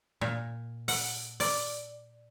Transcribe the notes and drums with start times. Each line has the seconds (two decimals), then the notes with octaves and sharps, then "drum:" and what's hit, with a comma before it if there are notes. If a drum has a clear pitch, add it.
0.21 A#2
0.88 F#5, drum: open hi-hat
1.40 D5, drum: open hi-hat